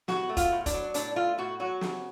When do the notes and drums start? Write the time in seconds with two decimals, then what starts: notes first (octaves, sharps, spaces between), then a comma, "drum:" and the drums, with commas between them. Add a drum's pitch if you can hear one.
0.08 A2 F#4, drum: snare
0.29 A3
0.37 F4, drum: kick E1, hi-hat
0.51 A2
0.66 D4, drum: kick E1, hi-hat
0.73 F#3
0.94 A2 D4, drum: hi-hat
1.16 A3 F4
1.38 A2 F#4
1.60 F#3 F#4
1.81 C#3, drum: snare